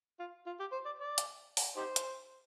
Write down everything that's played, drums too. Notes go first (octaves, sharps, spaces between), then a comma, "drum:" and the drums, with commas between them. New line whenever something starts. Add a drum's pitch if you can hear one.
F4
F4
G4
C5
D5
D5
drum: hi-hat
drum: open hi-hat
D#4 G4 C5
drum: hi-hat